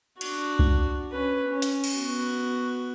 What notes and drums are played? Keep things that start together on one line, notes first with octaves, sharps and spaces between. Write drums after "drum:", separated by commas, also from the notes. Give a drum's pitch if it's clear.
D4 F#4, drum: cymbal
drum: kick C2
C#4 B4
C#4
drum: hi-hat
drum: cymbal
B3 F#4